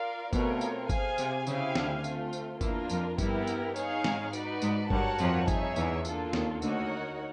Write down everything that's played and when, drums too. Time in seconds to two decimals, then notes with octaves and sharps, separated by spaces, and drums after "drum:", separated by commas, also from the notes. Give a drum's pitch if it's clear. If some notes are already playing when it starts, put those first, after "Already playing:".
Already playing: F4 A#4 D5 F5
0.33 B2 A3 C4 F4 A#4 C#5, drum: kick G1, tambourine
0.61 drum: tambourine
0.89 G#4 C5 F5 G#5, drum: kick G1, tambourine
1.18 C3, drum: tambourine
1.47 C#3 E4 G4 C5 F5 G#5, drum: tambourine
1.75 D2 D3, drum: snare
2.04 A3 C4 F4, drum: tambourine
2.33 drum: tambourine
2.61 E2 E3 A#3 D4 F4 A#4, drum: kick G1, tambourine
2.89 F2 F3, drum: tambourine
3.18 G2 G3 B3 E4 G4 A#4, drum: kick G1, tambourine
3.47 drum: tambourine
3.76 D#4 G#4 C#5 F5, drum: tambourine
4.04 G#2 G#3, drum: snare
4.33 D#4 F#4 B4 D5, drum: tambourine
4.62 G#2 G#3, drum: tambourine
4.90 G2 G3 F#4 A#4 C#5 F#5 A5, drum: kick G1
5.19 F2 F3, drum: tambourine
5.48 D#4 G#4 C#5 E5, drum: kick G1, tambourine
5.76 E2 E3, drum: tambourine
6.05 A#3 D4 F4 A4, drum: tambourine
6.33 D#2 D#3, drum: snare
6.62 D2 D3 D#4 F#4 A#4 C#5 F#5, drum: tambourine